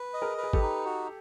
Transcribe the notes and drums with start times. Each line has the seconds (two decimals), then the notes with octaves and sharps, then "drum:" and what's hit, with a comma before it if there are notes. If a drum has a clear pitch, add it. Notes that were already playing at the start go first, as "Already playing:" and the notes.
Already playing: B4
0.14 D#5
0.22 G#4 A#4
0.38 B4
0.43 G#4
0.53 G4 A4, drum: kick
0.61 D#4
0.85 F#4